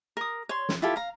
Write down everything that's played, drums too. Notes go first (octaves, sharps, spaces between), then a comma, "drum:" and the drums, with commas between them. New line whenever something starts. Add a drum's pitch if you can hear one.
A#4 D#6
C#5 C6
drum: snare
E4 F4 G4 A4
F5 A#5